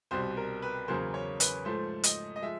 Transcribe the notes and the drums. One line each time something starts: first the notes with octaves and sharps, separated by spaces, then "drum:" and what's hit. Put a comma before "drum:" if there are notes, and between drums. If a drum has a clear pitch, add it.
C2 B2 G3 C5
A#4
B4
E2 C#3 F#3 A#3 C5
C#5
B4, drum: hi-hat
G#2 F3 A3 C5
D#5, drum: hi-hat
D#5
F3 G#3 E5